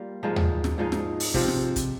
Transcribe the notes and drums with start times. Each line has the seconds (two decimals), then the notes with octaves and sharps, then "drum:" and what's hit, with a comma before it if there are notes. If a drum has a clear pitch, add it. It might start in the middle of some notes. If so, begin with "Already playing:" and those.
Already playing: G3 A#3 F4
0.23 G#2 F3 G#3 D#4
0.36 drum: tom D#2
0.64 drum: snare
0.78 G#2 F3 G#3 D#4
0.92 drum: snare
1.20 drum: open hi-hat
1.34 C3 F3 C4, drum: kick
1.48 drum: snare
1.76 drum: kick, hi-hat